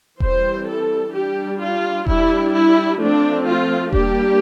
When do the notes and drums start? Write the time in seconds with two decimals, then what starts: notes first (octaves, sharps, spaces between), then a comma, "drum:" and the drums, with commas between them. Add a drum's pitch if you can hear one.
0.20 E3 G3 C4 C5, drum: kick E1
0.67 A4
1.14 G3 D4 G4
1.60 F4
2.07 G3 D4 E4, drum: kick E1
2.53 E4
2.99 F3 A3 C4 D4
3.46 F4
3.93 G3 A#3 D4 G4, drum: kick E1